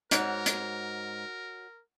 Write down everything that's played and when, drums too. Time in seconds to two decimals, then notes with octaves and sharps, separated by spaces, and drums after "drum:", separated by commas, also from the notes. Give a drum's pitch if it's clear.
0.11 G#2 F#4 A#4 C#5, drum: hi-hat
0.46 drum: hi-hat